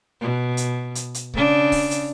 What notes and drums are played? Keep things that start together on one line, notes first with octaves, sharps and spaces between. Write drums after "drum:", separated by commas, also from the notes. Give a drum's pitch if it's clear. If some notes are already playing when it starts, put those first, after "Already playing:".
B2
drum: hi-hat
drum: hi-hat
drum: hi-hat
C#3 D4, drum: kick C#1
drum: kick C#1, open hi-hat
drum: hi-hat